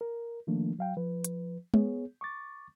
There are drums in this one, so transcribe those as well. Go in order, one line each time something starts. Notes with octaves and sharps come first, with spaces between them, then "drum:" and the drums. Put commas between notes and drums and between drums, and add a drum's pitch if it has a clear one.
A#4
D#3 F3 A3 A#3 D4
F#3 F5 G5
F3 B4
drum: hi-hat
B3 G#4 C#5, drum: tom G#3
C#6 D6 A6